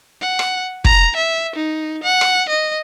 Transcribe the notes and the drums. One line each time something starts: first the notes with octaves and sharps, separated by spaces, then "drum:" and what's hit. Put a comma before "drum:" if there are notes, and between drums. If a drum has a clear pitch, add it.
F#5
drum: rim click
A#5, drum: kick
E5
D#4
F#5
drum: rim click
D#5